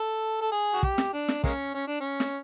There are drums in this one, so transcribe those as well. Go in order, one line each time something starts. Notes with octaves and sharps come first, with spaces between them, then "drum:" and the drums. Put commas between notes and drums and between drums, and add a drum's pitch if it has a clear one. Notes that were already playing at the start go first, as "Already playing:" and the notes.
Already playing: A4
A4
G#4
F#4
G4, drum: kick
drum: snare
D4
drum: snare
G#3 A#3 C#4, drum: kick
C#4
D4
C#4
drum: snare